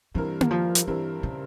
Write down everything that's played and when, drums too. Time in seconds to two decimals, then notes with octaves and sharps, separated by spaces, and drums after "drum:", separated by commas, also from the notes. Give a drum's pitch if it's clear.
0.15 G2 E3 G3 C4 E4 A#4
0.41 drum: tom A#3
0.51 F3
0.75 drum: hi-hat
0.87 G2 E3 G3 C4 E4 A#4
1.23 C#3